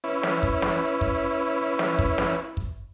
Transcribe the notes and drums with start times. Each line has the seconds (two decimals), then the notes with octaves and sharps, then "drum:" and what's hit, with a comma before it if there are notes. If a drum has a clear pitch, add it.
0.04 C#4 E4 B4
0.23 drum: snare
0.43 drum: kick
0.62 drum: snare
1.01 drum: kick
1.79 drum: snare
1.99 drum: kick
2.18 drum: snare
2.57 drum: kick